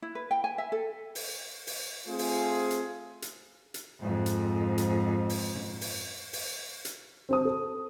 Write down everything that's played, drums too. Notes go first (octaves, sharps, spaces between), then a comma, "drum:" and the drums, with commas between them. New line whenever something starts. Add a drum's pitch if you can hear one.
E4
B4
G5
G#5
E5
A4
drum: open hi-hat
drum: open hi-hat
A3 C4 F4 G#4
drum: open hi-hat
drum: hi-hat
drum: hi-hat
drum: hi-hat
F2 G#2
drum: hi-hat
drum: hi-hat
drum: open hi-hat
drum: tom F#2
drum: open hi-hat
drum: open hi-hat
drum: hi-hat
C4 C5 D#6
A4